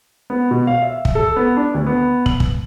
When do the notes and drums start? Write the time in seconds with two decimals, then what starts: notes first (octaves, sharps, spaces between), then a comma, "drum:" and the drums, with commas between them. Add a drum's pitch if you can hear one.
0.30 B3
0.51 B2
0.67 F5
0.82 E5
1.05 drum: kick
1.15 A4
1.36 B3
1.57 D4
1.74 D2
1.87 B3
2.26 F#7, drum: kick
2.40 drum: kick